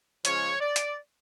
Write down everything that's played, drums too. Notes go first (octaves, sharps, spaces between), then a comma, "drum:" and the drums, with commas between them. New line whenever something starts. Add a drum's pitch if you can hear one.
C#3 F3 G#3 C#4 C#5, drum: hi-hat
D5
drum: hi-hat